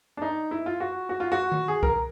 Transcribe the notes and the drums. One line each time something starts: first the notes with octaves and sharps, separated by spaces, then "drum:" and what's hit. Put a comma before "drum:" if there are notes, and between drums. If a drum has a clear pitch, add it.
D4
D#4
E4
F4
F#4
F#4
F4
F#4
drum: tom D#3
G#4
A#4, drum: kick C2